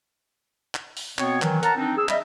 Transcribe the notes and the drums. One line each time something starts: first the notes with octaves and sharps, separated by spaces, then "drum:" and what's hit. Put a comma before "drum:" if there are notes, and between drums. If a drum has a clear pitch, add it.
drum: clap
drum: open hi-hat
B2 B3 C4 C#5, drum: clap
D#3 E3 F#3, drum: clap
A#4 F#5 A5 A#5, drum: hi-hat
C4 D4 D#4
G#4 E6
G3 D#5 E5, drum: clap